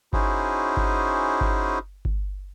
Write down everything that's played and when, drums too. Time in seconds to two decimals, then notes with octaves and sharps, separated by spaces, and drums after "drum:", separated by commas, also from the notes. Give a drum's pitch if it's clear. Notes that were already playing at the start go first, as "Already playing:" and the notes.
0.13 C#4 D#4 E4 F#4 G#4 C5, drum: kick G1
0.77 drum: kick G1
1.41 drum: kick G1
2.05 drum: kick G1